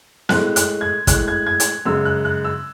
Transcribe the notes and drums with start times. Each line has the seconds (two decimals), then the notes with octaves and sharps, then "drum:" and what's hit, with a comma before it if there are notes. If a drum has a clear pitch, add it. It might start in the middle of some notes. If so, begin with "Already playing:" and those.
0.29 A2 G#3 F#6, drum: snare
0.56 F#6, drum: hi-hat
0.81 G#6
1.07 A2 G#3 F#6, drum: kick, hi-hat
1.28 G#6
1.47 G#6
1.60 drum: hi-hat
1.86 F#2 C#3 G#3 E6
2.05 F#6
2.25 F#6
2.44 E6